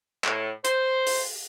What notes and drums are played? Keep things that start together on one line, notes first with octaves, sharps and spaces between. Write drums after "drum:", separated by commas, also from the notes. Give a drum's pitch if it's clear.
A2, drum: clap
C5, drum: hi-hat
drum: open hi-hat